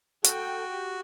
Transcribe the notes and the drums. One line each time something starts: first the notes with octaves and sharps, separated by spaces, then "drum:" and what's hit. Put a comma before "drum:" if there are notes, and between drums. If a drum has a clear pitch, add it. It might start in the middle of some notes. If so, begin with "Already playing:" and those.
F#4 A4 G5, drum: hi-hat
G4